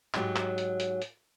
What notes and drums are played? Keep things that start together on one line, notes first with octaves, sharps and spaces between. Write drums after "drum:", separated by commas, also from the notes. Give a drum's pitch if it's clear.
G#2 F#3 G4, drum: clap
drum: clap
drum: hi-hat
drum: hi-hat
drum: hi-hat